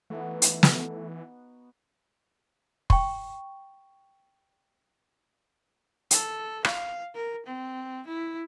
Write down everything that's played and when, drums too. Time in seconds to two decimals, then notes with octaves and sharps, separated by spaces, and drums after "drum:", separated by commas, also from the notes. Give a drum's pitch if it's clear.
0.10 E3 A3 B3 D#4 F#4
0.42 drum: hi-hat
0.63 drum: snare
2.90 G5 C#6, drum: kick
6.11 A4, drum: hi-hat
6.65 F5, drum: rim click
7.14 A#4
7.45 C4
8.07 E4